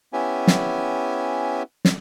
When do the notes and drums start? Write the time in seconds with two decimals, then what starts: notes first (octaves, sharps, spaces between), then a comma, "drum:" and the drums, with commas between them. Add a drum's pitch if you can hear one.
0.13 B3 C#4 E4 G4 G#5
0.47 drum: snare
1.85 drum: snare